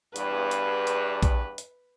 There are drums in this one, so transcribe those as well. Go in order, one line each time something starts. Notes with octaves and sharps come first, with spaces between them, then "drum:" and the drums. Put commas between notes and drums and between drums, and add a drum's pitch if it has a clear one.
E2 G2 B4, drum: hi-hat
drum: hi-hat
drum: hi-hat
drum: kick A#1, hi-hat
drum: hi-hat